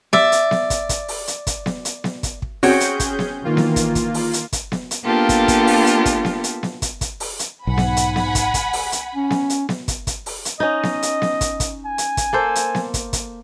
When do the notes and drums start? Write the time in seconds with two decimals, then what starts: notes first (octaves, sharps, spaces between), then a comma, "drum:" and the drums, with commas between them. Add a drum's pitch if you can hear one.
0.13 D5 E5, drum: snare B3
0.32 drum: hi-hat
0.51 drum: snare B3
0.70 drum: kick, hi-hat
0.89 drum: kick, hi-hat
1.08 drum: open hi-hat
1.28 drum: hi-hat
1.47 drum: kick, hi-hat
1.66 drum: snare B3
1.85 drum: hi-hat
2.04 drum: snare B3
2.23 drum: kick, hi-hat
2.42 drum: kick
2.63 C4 C#4 F#4 G#4 C#5 G6, drum: open hi-hat
2.80 drum: hi-hat
3.00 drum: kick, hi-hat
3.19 drum: snare B3
3.45 D#3 E3 A#3 F4
3.57 drum: snare B3
3.76 drum: kick, hi-hat
3.95 drum: kick, hi-hat
4.14 drum: open hi-hat
4.33 drum: hi-hat
4.53 drum: kick, hi-hat
4.72 drum: snare B3
4.91 drum: hi-hat
5.04 A#3 B3 D4 F4 G4 A4
5.29 drum: kick, hi-hat
5.48 drum: kick, hi-hat
5.67 drum: open hi-hat
5.86 drum: hi-hat
6.05 drum: kick, hi-hat
6.25 drum: snare B3
6.44 drum: hi-hat
6.63 drum: snare B3
6.82 drum: kick, hi-hat
7.01 drum: kick, hi-hat
7.20 drum: open hi-hat
7.39 drum: hi-hat
7.67 B1 G#2 F#5 G#5 B5
7.78 drum: snare B3
7.97 drum: hi-hat
8.16 drum: snare B3
8.35 drum: kick, hi-hat
8.54 drum: kick, hi-hat
8.73 drum: open hi-hat
8.92 drum: hi-hat
9.15 C#4
9.30 drum: snare B3
9.50 drum: hi-hat
9.69 drum: snare B3
9.88 drum: kick, hi-hat
10.07 drum: kick, hi-hat
10.26 drum: open hi-hat
10.45 drum: hi-hat
10.60 C#4 D#4 D#5
10.83 drum: snare B3
11.03 drum: hi-hat
11.22 drum: snare B3
11.41 drum: kick, hi-hat
11.60 drum: kick, hi-hat
11.86 G#5
11.98 drum: hi-hat
12.17 drum: kick, hi-hat
12.33 A#3 A4 C5
12.55 drum: hi-hat
12.75 drum: snare B3
12.94 drum: kick, hi-hat
13.13 drum: kick, hi-hat